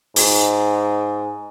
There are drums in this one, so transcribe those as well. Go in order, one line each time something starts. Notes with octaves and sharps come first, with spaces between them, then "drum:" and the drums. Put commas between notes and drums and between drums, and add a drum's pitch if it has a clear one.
G#2, drum: open hi-hat